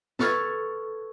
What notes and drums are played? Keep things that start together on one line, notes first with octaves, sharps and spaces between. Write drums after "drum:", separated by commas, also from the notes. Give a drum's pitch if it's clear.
A4 B4 C#6 F6 G#6 A6, drum: snare